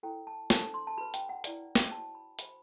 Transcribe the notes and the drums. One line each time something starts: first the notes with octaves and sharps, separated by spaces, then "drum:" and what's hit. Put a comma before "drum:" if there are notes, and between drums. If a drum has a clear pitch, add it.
E4 A4 C5 G5
A5
D4 A4 C5 A5, drum: snare
C6
A5
F#4 B4 B5
G5, drum: hi-hat
F#5
E4 B4 D5, drum: hi-hat
G5, drum: snare
F#4 C5 A5
B5
F#4 C5 B5, drum: hi-hat